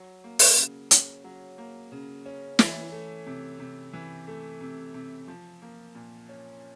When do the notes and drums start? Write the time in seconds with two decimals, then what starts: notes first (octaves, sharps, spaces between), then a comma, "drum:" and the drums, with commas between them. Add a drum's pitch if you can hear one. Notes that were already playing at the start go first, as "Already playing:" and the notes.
Already playing: F#3
0.24 A#3
0.39 drum: open hi-hat
0.56 C#3
0.91 C#4, drum: hi-hat
1.24 F#3
1.58 A#3
1.92 C#3
2.26 C#4
2.59 E3, drum: snare
2.92 A3
3.26 C3
3.59 C3
3.93 E3
4.27 A3
4.61 C3
4.94 C3
5.28 F3
5.62 A#3
5.95 A#2
6.29 C#4